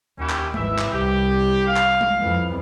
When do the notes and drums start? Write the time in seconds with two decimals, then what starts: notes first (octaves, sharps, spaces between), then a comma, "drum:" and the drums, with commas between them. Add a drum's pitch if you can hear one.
0.19 D#2 C#4 E4 G4
0.30 drum: clap
0.54 G#1 E3 E5, drum: tom G#3
0.79 drum: clap
0.92 C2 G4
1.67 F5
1.76 drum: clap
2.01 drum: tom G#3
2.21 F2 E3